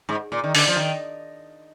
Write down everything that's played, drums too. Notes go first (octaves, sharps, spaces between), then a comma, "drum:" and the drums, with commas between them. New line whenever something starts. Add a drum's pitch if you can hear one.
G#2
A#2
D#3
D3, drum: open hi-hat
F3
D#3